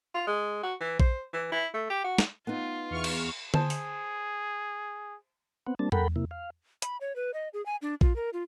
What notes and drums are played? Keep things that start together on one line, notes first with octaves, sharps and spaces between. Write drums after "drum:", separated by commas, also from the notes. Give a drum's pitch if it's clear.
F4
G#3
F#4
E3
C5, drum: kick A#1
E3
E4
A3
G4
F#4
drum: snare
B3 D#4 F4
E2 C#6 F6
drum: cymbal
G#4 C5 A5, drum: tom D3
drum: open hi-hat
B3 C4 F#5
G3 A#3 C4 D4 A5
A4 A#4 F#5 G5 B5, drum: tom E2
C3 A#3 E4
F5
B5, drum: hi-hat
C#5
B4
D#5
G#4
G#5
D4
F4, drum: kick A#1
A#4
F4